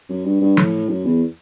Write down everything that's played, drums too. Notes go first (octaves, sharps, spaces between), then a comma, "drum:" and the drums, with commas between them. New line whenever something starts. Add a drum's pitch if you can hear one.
F#2
G2
G2
A2, drum: tom F3
F#2
E2